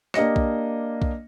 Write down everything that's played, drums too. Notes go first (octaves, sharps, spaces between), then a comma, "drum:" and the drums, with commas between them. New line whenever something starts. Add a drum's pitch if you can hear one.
A#3 D4 G4 D#5 A#6 C#7, drum: rim click
drum: kick B1
drum: kick B1